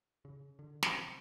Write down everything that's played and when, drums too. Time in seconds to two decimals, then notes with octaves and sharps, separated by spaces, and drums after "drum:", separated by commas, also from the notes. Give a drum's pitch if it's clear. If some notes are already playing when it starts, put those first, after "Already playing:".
0.25 C#3
0.59 D3
0.83 D#3 F3 F#3 C4, drum: snare
1.03 C3